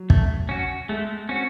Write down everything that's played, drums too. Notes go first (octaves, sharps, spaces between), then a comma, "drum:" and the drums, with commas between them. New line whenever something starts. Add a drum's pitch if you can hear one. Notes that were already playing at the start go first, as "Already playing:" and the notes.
Already playing: F#3
A3, drum: kick
C#4 F#4
G#3 A3
C4 C#4 F#4